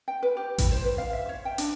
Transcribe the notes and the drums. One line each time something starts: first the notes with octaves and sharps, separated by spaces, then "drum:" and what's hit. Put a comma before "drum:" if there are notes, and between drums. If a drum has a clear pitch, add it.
G5
B4
G4
E4, drum: kick A1, hi-hat
C5
B4
F5
E5
C#5
G5
D4, drum: hi-hat